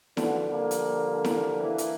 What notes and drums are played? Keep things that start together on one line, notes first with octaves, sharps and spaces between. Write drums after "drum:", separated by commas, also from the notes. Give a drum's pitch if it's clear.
D3 F3 B3 F#4, drum: snare E4
F3 G3 A#3
drum: hi-hat
drum: snare E4
E3 A#3
drum: hi-hat